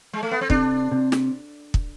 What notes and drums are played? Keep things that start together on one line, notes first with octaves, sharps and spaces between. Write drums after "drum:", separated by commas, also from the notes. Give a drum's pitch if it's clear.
G#3
A3
B3
C4
C3 D4, drum: kick
C3
drum: snare
drum: kick